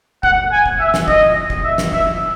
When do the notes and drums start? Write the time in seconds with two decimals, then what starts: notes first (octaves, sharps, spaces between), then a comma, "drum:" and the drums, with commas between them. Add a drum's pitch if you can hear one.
0.23 F#5, drum: kick F#1
0.52 G#5
0.66 drum: kick F#1
0.80 E5
0.94 drum: snare
1.08 D#5, drum: kick F#1
1.50 drum: kick F#1
1.64 E5
1.78 drum: snare
1.93 E5, drum: kick F#1